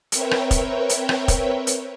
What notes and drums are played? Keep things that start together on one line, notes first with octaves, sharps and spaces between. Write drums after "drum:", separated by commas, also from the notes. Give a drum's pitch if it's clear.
C4 A#4 B4 C#5 E5 G5, drum: hi-hat
drum: rim click
drum: kick, hi-hat
drum: hi-hat
drum: rim click
drum: kick, hi-hat
drum: hi-hat